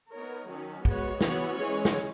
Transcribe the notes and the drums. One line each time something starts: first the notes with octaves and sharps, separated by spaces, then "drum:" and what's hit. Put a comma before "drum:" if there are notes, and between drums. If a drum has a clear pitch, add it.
B3 D#4 A#4 C#5
D#3 F#3 C#4
G#3 B3 F#4 C#5, drum: kick
E3 B3 F#4 C#5, drum: snare
E3 G#3 C#4 G#4 C#5
drum: snare